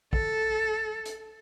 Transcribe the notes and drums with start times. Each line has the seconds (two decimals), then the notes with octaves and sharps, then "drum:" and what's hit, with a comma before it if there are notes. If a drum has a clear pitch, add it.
0.13 A4, drum: kick
1.06 drum: hi-hat